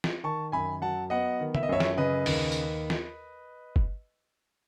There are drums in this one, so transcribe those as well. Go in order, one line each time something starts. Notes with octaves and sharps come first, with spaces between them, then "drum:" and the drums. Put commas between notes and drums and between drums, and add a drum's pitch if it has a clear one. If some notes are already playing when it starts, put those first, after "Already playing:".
drum: snare
D#3 A5 C#6
F#2 G#5 B5
F#3 F#5 A5
B3 D#5 F#5
D#3
E5, drum: tom
D#5
F#2 C#5 E5
drum: snare
C#3 B4 D#5
D#2, drum: open hi-hat
drum: tambourine
drum: snare
drum: kick